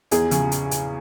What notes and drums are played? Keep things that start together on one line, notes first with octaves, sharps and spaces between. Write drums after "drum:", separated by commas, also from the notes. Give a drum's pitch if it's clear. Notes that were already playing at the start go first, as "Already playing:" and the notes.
E2 G#4, drum: hi-hat
C#3, drum: hi-hat
drum: hi-hat
drum: hi-hat